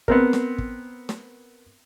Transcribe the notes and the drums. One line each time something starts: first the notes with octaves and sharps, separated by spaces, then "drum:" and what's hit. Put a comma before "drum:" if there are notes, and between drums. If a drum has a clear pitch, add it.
B3 C4 A#4, drum: kick
drum: snare
drum: kick
drum: snare